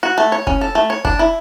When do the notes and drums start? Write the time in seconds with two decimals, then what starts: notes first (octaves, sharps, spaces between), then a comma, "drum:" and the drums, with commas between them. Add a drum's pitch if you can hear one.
0.03 F#4
0.18 A3
0.32 C#5
0.47 C#4, drum: kick
0.61 A4
0.75 A3
0.90 C#5
1.05 D4, drum: kick
1.19 E4